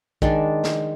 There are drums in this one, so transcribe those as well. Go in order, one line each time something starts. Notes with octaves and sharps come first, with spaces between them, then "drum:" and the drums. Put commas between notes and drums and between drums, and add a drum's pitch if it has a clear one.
D#3 G#3 D4, drum: kick A#1
drum: snare